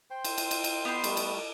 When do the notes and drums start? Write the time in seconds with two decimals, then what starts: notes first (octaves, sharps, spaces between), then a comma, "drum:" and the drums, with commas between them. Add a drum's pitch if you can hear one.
0.11 C5 G5 C6
0.24 drum: cymbal
0.38 drum: cymbal
0.51 drum: cymbal
0.64 drum: cymbal
0.85 B3 G4 C6
1.04 G3 A3, drum: cymbal
1.17 drum: cymbal